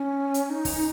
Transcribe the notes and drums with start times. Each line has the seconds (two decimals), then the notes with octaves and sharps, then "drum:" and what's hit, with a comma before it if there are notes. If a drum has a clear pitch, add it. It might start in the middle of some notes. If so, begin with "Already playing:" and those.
Already playing: C#4
0.34 drum: hi-hat
0.50 D#4
0.65 drum: kick, open hi-hat